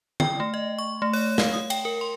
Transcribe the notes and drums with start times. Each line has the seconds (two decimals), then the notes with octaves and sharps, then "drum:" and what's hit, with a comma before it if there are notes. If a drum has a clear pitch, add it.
0.20 G5, drum: tom D3
0.40 A3
0.54 D#5
0.79 C#6
1.02 A3
1.13 C#5, drum: open hi-hat
1.38 F5, drum: snare
1.54 D#6
1.70 G5, drum: cymbal
1.85 A#4
2.01 C6